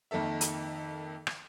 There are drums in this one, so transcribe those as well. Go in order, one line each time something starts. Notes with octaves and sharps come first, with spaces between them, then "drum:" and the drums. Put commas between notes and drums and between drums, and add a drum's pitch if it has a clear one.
F2 D#3 A#3 A4 E5
drum: hi-hat
drum: rim click